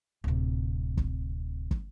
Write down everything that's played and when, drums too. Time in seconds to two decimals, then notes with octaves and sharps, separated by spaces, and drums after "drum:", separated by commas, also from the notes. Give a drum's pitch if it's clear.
0.24 D1 C3
0.97 drum: kick
1.71 drum: kick